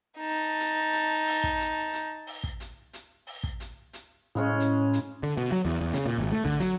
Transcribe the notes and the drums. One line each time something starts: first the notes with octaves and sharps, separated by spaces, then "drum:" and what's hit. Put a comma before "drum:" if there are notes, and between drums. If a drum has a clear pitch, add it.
D#4 A5
drum: hi-hat
drum: hi-hat
drum: open hi-hat
drum: kick
drum: hi-hat
drum: hi-hat
drum: open hi-hat
drum: kick
drum: hi-hat
drum: hi-hat
drum: open hi-hat
drum: kick
drum: hi-hat
drum: hi-hat
A2 C#3 G#3 C#4
drum: hi-hat
drum: hi-hat
D3
B2
F#3
E2
E2
C#3, drum: hi-hat
A#2
G#1
A3
D3, drum: kick
F#3, drum: hi-hat